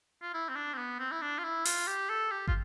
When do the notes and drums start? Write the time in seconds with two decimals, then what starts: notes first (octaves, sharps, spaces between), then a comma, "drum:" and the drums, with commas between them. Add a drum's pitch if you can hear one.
0.22 F4
0.34 E4
0.49 C4
0.55 D4
0.74 C4
0.78 B3
0.99 C4
1.12 E4
1.22 D4
1.38 F4
1.44 E4
1.65 F4, drum: open hi-hat
1.87 G4
2.09 A4
2.31 G4
2.47 F4, drum: kick